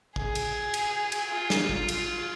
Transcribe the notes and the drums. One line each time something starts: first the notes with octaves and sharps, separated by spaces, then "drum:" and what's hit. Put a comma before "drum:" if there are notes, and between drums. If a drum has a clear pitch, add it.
G#4, drum: kick
drum: cymbal
drum: cymbal
drum: cymbal
F4
drum: snare
drum: kick
drum: cymbal